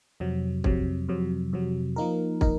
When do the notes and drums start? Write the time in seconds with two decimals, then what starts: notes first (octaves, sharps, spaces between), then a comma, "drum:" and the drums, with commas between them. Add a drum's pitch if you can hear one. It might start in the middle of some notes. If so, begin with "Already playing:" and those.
0.20 F2 C3 F#3
0.64 F2 C3 F#3, drum: kick
1.09 F2 C3 F#3
1.53 F2 C3 F#3
1.96 F3 A#3 D#4 A#4
2.41 D#4 A#4, drum: kick